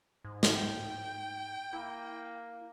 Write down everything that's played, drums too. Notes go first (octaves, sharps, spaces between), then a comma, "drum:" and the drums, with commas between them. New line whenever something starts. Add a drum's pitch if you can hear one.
G#2
drum: snare
G5
A#3 E4